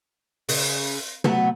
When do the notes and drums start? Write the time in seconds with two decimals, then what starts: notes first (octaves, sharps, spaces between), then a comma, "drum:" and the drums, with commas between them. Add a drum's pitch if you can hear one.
0.49 C#3, drum: open hi-hat
1.24 F#3 A3 B3, drum: tom